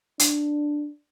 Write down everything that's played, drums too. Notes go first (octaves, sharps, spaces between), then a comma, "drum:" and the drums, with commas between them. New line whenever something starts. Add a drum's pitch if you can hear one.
D4, drum: hi-hat